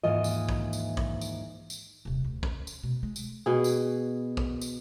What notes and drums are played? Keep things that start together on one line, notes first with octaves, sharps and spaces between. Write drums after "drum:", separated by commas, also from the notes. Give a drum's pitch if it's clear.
D#2 G#2 E3 F4 D#5
drum: tambourine
drum: kick
drum: tambourine
drum: kick
drum: tambourine
drum: tambourine
D#1 C3
D2
C#4, drum: kick
drum: tambourine
B2
G#3
drum: tambourine
B2 G#4
drum: tambourine
drum: kick
drum: tambourine